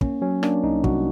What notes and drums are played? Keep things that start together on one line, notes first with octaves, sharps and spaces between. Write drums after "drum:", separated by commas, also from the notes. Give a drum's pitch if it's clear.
A#3 C#4, drum: kick
F#3 C#4
A#3 D4, drum: rim click
C2 D#4
C2 F#4, drum: kick